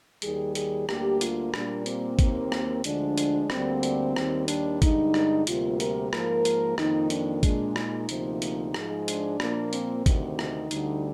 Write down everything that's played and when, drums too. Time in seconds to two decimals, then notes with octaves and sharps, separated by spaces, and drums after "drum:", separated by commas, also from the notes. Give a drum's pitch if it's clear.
0.22 D#2 D#3 G3 G#4, drum: hi-hat
0.55 G#4, drum: hi-hat
0.89 D2 D3 G3 A#3 G4, drum: rim click
1.21 F4, drum: hi-hat
1.54 A#2 G3 A#3 D4, drum: rim click
1.86 C4, drum: hi-hat
2.19 D#2 D#3 A#3, drum: kick G#1, hi-hat
2.52 drum: rim click
2.84 D2 D3 F3 G#3 D4, drum: hi-hat
3.18 drum: hi-hat
3.50 D2 D3 G3 A#3 C4, drum: rim click
3.83 drum: hi-hat
4.16 D#2 D#3 G3, drum: rim click
4.48 D4, drum: hi-hat
4.82 G2 D3 G#3 D#4, drum: kick G#1, hi-hat
5.14 drum: rim click
5.47 D2 C3 G3 A#3 F4, drum: hi-hat
5.80 A#4, drum: hi-hat
6.13 G#2 F3 A#3 A#4, drum: rim click
6.45 drum: hi-hat
6.78 F2 D#3 A#3 D#4, drum: rim click
7.10 D4, drum: hi-hat
7.43 A#2 G#3 D4, drum: kick G#1, hi-hat
7.76 D#4, drum: rim click
8.09 D2 C3 F3 A#3, drum: hi-hat
8.42 drum: hi-hat
8.74 G#2 F3 G#3, drum: rim click
9.08 D4, drum: hi-hat
9.40 A#2 F3 A#3, drum: rim click
9.73 C4, drum: hi-hat
10.06 D2 C3 D#3, drum: kick G#1, hi-hat
10.39 D#4, drum: rim click
10.71 D2 D3 G3, drum: hi-hat